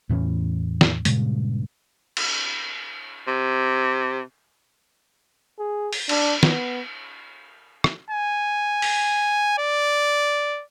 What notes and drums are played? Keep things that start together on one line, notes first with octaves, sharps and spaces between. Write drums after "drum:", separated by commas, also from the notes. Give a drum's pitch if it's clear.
E2 A2 E3 C#4
drum: snare
G2 A#2 C#3 G#3, drum: hi-hat
drum: cymbal
C3
G#4
drum: open hi-hat
D4, drum: cymbal
B3, drum: snare
drum: rim click
G#5
drum: open hi-hat
D5